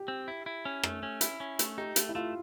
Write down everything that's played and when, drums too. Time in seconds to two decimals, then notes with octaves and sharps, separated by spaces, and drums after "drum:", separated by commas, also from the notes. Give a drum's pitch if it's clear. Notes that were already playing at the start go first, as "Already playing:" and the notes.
Already playing: G4
0.08 C4
0.28 E4
0.46 E4
0.65 C#4
0.83 A3, drum: rim click
1.03 C#4
1.21 E4, drum: hi-hat
1.40 C#4
1.59 A3, drum: hi-hat
1.78 D#4 G4
1.96 A3, drum: hi-hat
2.09 E4
2.15 A3 F4